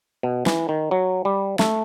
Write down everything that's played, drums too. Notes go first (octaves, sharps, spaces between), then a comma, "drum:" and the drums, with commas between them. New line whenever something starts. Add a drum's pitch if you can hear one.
B2
E3, drum: snare
D#3
F#3
G3
A3, drum: snare